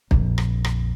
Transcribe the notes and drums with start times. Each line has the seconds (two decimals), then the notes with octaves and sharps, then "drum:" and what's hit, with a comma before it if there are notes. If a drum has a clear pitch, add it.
0.11 A#1 F2, drum: kick
0.38 drum: rim click
0.65 drum: rim click